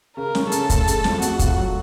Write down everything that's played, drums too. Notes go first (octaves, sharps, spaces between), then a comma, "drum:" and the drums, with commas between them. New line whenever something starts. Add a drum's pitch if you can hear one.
C#3 A#4
C#4, drum: snare
C#3 A4, drum: hi-hat
A3, drum: kick, hi-hat
C#3, drum: hi-hat
F2, drum: snare
A3 F#4, drum: hi-hat
F4, drum: kick, hi-hat
F#3